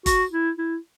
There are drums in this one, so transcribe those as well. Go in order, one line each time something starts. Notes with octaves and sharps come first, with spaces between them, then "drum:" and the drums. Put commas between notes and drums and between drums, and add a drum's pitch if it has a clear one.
F#4, drum: kick G1, hi-hat
E4
E4